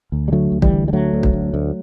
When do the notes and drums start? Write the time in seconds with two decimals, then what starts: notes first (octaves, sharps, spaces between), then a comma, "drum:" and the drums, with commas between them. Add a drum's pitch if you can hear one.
0.12 D2
0.28 G3
0.32 D3 F#3 A3
0.52 D2
0.62 E3 G3, drum: kick
0.73 D3
0.88 G3
0.93 D2 F#3 A3
1.13 D2
1.23 drum: kick
1.33 D2
1.54 D2